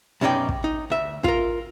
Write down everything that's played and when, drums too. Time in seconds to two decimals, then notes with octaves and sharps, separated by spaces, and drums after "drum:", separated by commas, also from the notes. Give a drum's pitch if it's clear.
0.21 F#2 B2 C#4 D#4 D5 G5
0.49 drum: kick
0.64 D#4
0.90 D2 E5
1.24 F4 A#4, drum: kick